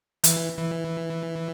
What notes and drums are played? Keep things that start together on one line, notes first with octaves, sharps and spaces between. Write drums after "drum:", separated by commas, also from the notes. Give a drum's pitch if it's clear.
E3, drum: hi-hat
E3